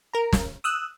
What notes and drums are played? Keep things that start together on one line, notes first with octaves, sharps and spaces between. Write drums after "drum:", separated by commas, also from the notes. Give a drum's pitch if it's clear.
A#4 A#5
drum: snare
D#6 E6 F#6